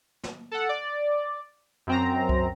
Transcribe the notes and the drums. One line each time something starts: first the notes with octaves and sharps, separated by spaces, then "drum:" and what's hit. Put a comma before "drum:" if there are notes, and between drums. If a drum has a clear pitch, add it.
drum: snare
A4 F#5
D5
F#2 C4 A#5
drum: kick C2